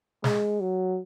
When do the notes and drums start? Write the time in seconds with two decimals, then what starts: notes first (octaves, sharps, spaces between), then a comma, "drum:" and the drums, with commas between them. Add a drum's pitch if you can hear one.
0.24 G#3, drum: snare
0.60 F#3